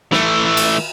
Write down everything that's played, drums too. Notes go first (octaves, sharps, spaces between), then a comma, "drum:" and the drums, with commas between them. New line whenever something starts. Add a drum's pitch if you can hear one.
E3 A3, drum: snare
drum: cymbal